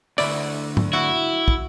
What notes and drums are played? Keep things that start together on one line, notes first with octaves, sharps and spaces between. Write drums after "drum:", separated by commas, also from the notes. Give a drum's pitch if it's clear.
D2 E4 D5, drum: open hi-hat
drum: tom
E4 F#4
drum: kick